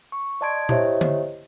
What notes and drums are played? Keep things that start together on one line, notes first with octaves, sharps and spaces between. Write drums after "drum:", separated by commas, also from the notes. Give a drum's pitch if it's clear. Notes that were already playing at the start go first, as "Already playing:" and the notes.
C#6
D5 D#5 A5 C6 G#6 D7
E4 G4 C5 C#5 D#5 E5, drum: tom A#2
drum: tom D3